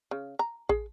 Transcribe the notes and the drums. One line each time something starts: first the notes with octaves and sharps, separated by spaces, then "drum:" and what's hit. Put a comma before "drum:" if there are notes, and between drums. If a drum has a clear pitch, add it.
C#3
A#5
G#4, drum: kick A1